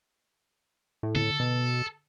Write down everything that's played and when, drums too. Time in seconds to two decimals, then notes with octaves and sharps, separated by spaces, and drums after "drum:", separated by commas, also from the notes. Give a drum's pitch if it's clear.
1.03 A2
1.15 A4, drum: tom D3
1.40 B2